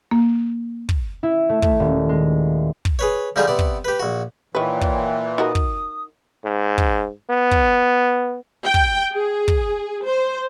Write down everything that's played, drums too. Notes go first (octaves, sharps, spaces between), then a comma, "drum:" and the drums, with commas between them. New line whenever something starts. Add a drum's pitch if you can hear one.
A#3
drum: kick
E4
A3
A3, drum: kick
D#1
G#3
drum: kick
G#4 B4 C#5
D3 F3 G3 D#4 G#4 A#5
C3 B3 D5
drum: kick
G4 B4
A#1 F#4
A#2 D#3 E3 B4 C#5 E5 G5
drum: kick
D#4 F#4 A#4 D#6
drum: kick
G#2
drum: kick
B3
drum: kick
G5
drum: kick
G#4
drum: kick
C5